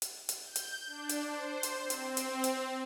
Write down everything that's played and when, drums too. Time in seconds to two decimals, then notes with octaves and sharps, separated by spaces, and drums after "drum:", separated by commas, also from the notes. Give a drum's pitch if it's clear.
0.02 drum: hi-hat
0.29 drum: hi-hat
0.42 G6
0.56 drum: hi-hat
0.87 D4
1.09 drum: hi-hat
1.29 C5
1.63 drum: hi-hat
1.81 C4
1.90 drum: hi-hat
2.17 drum: hi-hat
2.44 drum: hi-hat